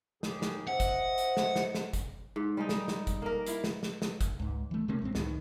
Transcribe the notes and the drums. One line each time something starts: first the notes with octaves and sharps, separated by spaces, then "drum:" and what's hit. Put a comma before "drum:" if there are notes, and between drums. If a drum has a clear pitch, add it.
D#2 G4 G#4, drum: snare
drum: snare
C5 D#5 E5 F#5
drum: kick G1, hi-hat
drum: hi-hat
drum: snare
drum: snare
drum: snare
drum: kick G1, hi-hat
G#2
G3 G#3 D#4
drum: snare
drum: snare
drum: kick G1, hi-hat
A#3 A#4
E4 F5, drum: hi-hat
drum: snare
drum: snare
drum: snare
drum: kick G1, hi-hat
C#2 G#2
E3 A3
C3 A3 A#3 C#4
A1 A2 G#3 C4
C#2 A2 D#3, drum: snare